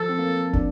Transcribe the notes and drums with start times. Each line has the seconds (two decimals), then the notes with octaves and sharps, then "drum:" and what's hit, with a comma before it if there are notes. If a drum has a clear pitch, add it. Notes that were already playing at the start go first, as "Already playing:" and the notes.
Already playing: F3 A4
0.09 C4
0.19 A#3
0.53 D4, drum: kick